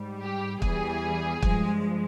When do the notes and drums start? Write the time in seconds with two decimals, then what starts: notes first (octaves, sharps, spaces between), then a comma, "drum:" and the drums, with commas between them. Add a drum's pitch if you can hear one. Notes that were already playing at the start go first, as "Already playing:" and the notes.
Already playing: G#2 G3
0.22 G4
0.62 E2 E3 G3 G#4, drum: kick
1.42 G2 F3 G#3, drum: kick